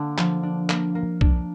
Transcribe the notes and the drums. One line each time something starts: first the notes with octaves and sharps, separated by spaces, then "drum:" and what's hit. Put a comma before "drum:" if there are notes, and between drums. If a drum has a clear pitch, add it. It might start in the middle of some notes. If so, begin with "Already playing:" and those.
Already playing: D3 A#3 D4
F3, drum: clap
D4
A#3, drum: clap
A#3
D4, drum: kick